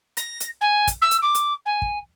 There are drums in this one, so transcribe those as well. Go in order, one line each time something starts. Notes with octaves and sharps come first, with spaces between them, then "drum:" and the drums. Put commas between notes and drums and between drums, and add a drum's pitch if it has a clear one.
A#6, drum: hi-hat
drum: hi-hat
G#5
drum: kick, hi-hat
E6
drum: hi-hat
D6
drum: hi-hat
G#5
drum: kick